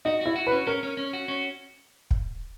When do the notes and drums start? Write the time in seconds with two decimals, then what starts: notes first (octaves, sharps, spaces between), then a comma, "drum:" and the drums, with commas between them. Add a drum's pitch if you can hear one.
0.05 D#4 F#4
0.21 E4 F#4
0.36 F#4
0.47 B4
0.52 C#4
0.67 C#4 A#4
0.83 C#4
0.97 C#4
1.13 F#4
1.28 C#4
2.11 drum: kick